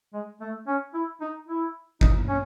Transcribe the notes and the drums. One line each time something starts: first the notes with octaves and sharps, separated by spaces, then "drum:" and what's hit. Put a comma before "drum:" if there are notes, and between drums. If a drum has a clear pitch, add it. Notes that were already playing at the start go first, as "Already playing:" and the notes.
G#3
A3
C#4
E4
D#4
E4
D#4, drum: kick G1
C#4